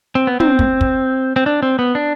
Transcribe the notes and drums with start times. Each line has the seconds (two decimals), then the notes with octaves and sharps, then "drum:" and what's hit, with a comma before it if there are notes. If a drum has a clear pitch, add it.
0.15 C4
0.27 B3
0.40 C4, drum: tom
0.59 drum: kick
0.81 drum: kick
1.36 C4
1.46 D4
1.63 C4
1.79 B3
1.95 D4